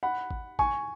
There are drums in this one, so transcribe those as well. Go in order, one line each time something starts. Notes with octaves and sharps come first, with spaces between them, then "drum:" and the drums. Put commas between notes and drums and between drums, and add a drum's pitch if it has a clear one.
F#5 B5
drum: kick G#1
G#5 C#6, drum: kick G#1